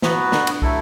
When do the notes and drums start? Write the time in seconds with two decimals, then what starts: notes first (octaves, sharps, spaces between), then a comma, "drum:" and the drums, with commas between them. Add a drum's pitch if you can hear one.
0.02 E3 F#3 B3 F#4 B4, drum: snare
0.32 D3, drum: snare
0.47 drum: cymbal
0.62 F#3 A3 E4 A4, drum: kick